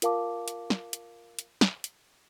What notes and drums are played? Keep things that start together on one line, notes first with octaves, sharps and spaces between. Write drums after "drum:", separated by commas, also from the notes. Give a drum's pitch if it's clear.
F4 A#4 F5 A5 D6, drum: hi-hat
drum: hi-hat
drum: snare
drum: hi-hat
drum: hi-hat
drum: snare
drum: hi-hat